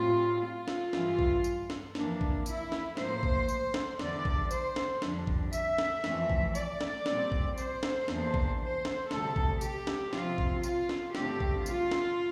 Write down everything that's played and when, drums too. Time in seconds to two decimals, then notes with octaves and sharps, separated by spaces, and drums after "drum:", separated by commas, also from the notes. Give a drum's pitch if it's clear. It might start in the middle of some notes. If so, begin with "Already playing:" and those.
Already playing: A2 G3 C4 F4
0.42 F4
0.68 drum: snare
0.93 G2 E3 G3, drum: snare
1.19 drum: kick
1.44 drum: tambourine
1.70 drum: snare
1.95 F2 E3 A#3 D4, drum: snare
2.21 drum: kick
2.46 E4, drum: tambourine
2.72 drum: snare
2.97 A2 F3 A#3 C5, drum: snare
3.23 drum: kick
3.49 drum: tambourine
3.74 drum: snare
3.99 E2 D3 G3 D5, drum: snare
4.25 drum: kick
4.51 C5, drum: tambourine
4.76 drum: snare
5.02 F2 D3 G3 D4, drum: snare
5.27 drum: kick
5.53 E5, drum: tambourine
5.78 drum: snare
6.04 F2 E3 A3 C4, drum: snare
6.30 drum: kick
6.55 D5, drum: tambourine
6.81 drum: snare
7.06 A#2 G3 C4, drum: snare
7.32 drum: kick
7.58 C5, drum: tambourine
7.83 drum: snare
8.08 E2 E3 A#3 D4, drum: snare
8.34 drum: kick
8.60 C5
8.85 drum: snare
9.11 D2 C3 G3 A4, drum: snare
9.36 drum: kick
9.61 G4, drum: tambourine
9.87 drum: snare
10.13 C3 F3 C4 F4, drum: snare
10.38 drum: kick
10.63 F4, drum: tambourine
10.89 drum: snare
11.15 G2 D3 A3 C4 G4, drum: snare
11.40 drum: kick
11.66 F4, drum: tambourine
11.91 drum: snare